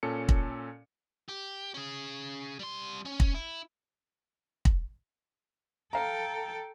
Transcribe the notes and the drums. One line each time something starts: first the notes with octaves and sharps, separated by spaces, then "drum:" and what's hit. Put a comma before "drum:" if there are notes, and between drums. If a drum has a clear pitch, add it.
A#2 C#4 A4 C#7
drum: kick
G4
C#4 G#4
G3 C6
C#4 C#5
drum: kick
E4
drum: kick
A4 F5 G5 A#5